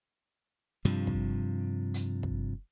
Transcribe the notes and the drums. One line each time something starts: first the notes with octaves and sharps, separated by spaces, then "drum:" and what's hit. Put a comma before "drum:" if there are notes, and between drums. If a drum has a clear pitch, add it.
G2 C3 F3
drum: kick
drum: hi-hat
drum: kick